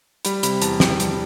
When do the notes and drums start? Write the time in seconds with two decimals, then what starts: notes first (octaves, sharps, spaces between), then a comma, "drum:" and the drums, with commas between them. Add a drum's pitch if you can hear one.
0.25 G3 B5, drum: hi-hat
0.43 C3 B5, drum: hi-hat
0.62 E2 A5, drum: hi-hat
0.80 E2 G5, drum: snare
1.00 G3, drum: hi-hat